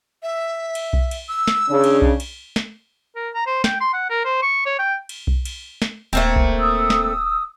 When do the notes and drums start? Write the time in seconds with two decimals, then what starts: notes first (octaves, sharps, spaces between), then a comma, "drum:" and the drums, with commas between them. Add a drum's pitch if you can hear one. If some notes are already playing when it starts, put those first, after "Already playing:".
0.23 E5
0.75 drum: cymbal
0.93 drum: kick B1
1.11 drum: cymbal
1.29 E6
1.48 drum: snare
1.69 C#3 D4
1.84 drum: cymbal
2.02 drum: kick B1
2.20 drum: cymbal
2.56 drum: snare
3.15 A#4
3.34 A#5
3.46 C5
3.64 G5, drum: snare
3.81 C6
3.93 F#5
4.10 A#4
4.25 C5
4.42 C#6
4.66 C#5
4.79 G5
5.09 drum: cymbal
5.27 drum: kick B1
5.45 drum: cymbal
5.82 drum: snare
6.13 D#1 A3 A#3 C4
6.36 drum: kick B1
6.59 D#6 E6
6.90 drum: snare